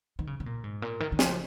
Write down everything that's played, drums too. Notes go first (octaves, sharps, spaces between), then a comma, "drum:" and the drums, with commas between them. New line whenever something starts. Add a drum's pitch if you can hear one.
D#3
C#3
C#3
A#2
G#2
A#2
D#3
D#3
F3, drum: snare